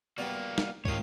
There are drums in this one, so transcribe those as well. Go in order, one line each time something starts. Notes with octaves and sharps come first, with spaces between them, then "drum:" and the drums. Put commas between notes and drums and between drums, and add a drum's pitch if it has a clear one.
G3 A#3 B3 F#4 D5
drum: snare
C2 G#2 D#3 F4 F#4 C#5 D#6, drum: kick